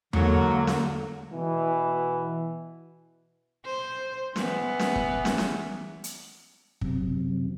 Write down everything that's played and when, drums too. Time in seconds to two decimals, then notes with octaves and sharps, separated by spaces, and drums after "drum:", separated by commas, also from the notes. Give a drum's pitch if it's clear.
0.13 G#2 D3 F#3 A#3, drum: tom E2
0.67 drum: snare
1.32 B2 E3
3.65 C5
4.36 E3 B3, drum: snare
4.79 drum: snare
4.96 drum: kick
5.25 drum: snare
5.38 drum: snare
6.04 drum: hi-hat
6.81 F#2 C3, drum: kick